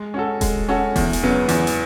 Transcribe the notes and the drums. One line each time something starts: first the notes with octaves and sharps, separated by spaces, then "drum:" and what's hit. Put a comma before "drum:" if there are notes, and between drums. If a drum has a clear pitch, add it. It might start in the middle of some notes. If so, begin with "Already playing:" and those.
Already playing: G#3
C#4 F#4 A4
G#3, drum: kick D#1, hi-hat
C#4 F#4 A4
E2, drum: kick D#1, open hi-hat
drum: hi-hat
C#3 F#3 B3
E2, drum: hi-hat
drum: hi-hat